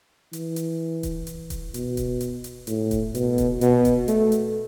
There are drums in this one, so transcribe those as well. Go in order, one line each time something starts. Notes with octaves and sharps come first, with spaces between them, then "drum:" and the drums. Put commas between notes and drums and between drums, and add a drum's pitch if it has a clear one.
E3, drum: hi-hat
drum: hi-hat
drum: kick D#1, hi-hat
drum: hi-hat
drum: kick D#1, hi-hat
B2, drum: hi-hat
drum: kick D#1, hi-hat
drum: hi-hat
drum: hi-hat
A2, drum: hi-hat
drum: kick D#1, hi-hat
B2, drum: hi-hat
drum: kick D#1, hi-hat
B2, drum: hi-hat
drum: kick D#1, hi-hat
A3, drum: hi-hat
drum: hi-hat